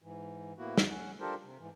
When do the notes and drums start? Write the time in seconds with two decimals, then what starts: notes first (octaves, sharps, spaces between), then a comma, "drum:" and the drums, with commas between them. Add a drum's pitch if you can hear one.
0.02 G#2 E3
0.58 A2 A#3 B3 E4 F#4
0.78 drum: snare
0.89 C#4 F#5
1.20 D4 F4 G4 A4 A#4 C5
1.44 C3
1.59 G#2 E3